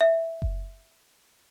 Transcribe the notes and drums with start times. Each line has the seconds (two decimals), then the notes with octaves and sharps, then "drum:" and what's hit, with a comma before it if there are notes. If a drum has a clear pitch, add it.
0.01 E5
0.42 drum: kick F#1